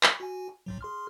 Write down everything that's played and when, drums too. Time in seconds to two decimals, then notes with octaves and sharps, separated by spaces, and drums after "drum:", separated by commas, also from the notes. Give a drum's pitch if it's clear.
0.03 B5 C#6, drum: clap
0.20 F#4 G#5
0.66 B1 G#2 F#3
0.81 G#4 C6 F6